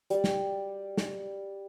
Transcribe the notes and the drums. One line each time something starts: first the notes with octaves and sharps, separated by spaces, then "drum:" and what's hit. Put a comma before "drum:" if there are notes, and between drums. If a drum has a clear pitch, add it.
G3 D5, drum: hi-hat
drum: snare
drum: snare